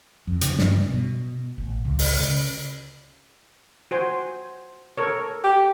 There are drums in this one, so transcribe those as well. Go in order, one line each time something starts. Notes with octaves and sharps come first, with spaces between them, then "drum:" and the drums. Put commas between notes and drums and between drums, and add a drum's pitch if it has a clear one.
F2
C#3, drum: hi-hat
G2, drum: snare
B2
A1
C#2
drum: open hi-hat
C#3
F#4 C5 G#5
A4 A#4 C#5
G4